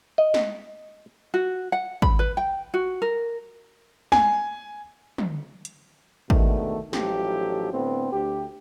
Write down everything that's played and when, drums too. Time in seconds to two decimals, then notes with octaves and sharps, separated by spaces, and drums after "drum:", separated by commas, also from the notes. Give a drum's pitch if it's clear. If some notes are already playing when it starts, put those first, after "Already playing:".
0.18 D#5
0.34 drum: snare
1.34 F#4
1.72 F#5
2.02 B5, drum: kick G#1
2.19 B4
2.37 G5
2.74 F#4
3.02 A#4
4.12 G#5, drum: snare
5.18 drum: tom
5.65 drum: hi-hat
6.30 B2 D3 D#3 G#3 A3, drum: kick G#1
6.93 A1 F3 F#3 D#4 G4 A4, drum: snare
7.73 A2 D3 B3 C4
8.13 D2 G4